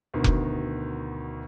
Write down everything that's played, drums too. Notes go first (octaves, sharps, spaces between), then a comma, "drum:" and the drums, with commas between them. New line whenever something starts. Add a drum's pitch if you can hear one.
D2 B2 D#3
drum: kick F1